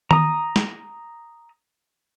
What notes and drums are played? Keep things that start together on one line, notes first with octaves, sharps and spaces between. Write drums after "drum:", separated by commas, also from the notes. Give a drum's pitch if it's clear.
A#5 D#6, drum: tom D#3
drum: snare